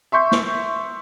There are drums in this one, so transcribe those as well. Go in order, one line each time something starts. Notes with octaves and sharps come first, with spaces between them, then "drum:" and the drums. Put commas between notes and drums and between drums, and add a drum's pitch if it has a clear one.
E5 C6 C#6 G6
drum: snare